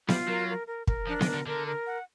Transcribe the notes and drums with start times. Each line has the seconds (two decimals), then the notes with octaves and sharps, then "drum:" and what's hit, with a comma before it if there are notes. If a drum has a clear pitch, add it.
0.08 G3 F4, drum: snare B3
0.28 F#3 A#4
0.48 A#4
0.67 A#4
0.87 A#4, drum: kick
1.07 F3 D4
1.21 D#3, drum: snare B3
1.27 A#4
1.34 D3
1.47 D3 A#4
1.66 A#4
1.87 F#5